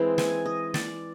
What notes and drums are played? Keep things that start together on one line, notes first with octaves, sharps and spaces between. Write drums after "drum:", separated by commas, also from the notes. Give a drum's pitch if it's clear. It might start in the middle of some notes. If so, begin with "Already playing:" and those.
Already playing: E3 G#3 C4
G#5, drum: snare
D#5
D5, drum: snare